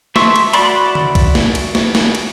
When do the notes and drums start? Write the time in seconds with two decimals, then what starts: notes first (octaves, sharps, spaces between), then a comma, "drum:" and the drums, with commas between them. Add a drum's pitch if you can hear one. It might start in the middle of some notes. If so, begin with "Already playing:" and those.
0.16 A3 E5 C6 C#6 E6, drum: snare
0.36 drum: cymbal
0.53 E4 F#4 D5 B5 C6, drum: cymbal
0.95 drum: tom
1.15 drum: kick B1, cymbal
1.35 drum: snare
1.55 drum: cymbal
1.75 drum: snare
1.95 drum: snare
2.15 drum: cymbal